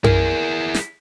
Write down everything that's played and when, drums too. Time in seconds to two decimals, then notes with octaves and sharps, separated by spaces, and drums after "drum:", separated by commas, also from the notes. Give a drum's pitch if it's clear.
0.04 E4 G#4 A#4, drum: tom F#2
0.74 drum: snare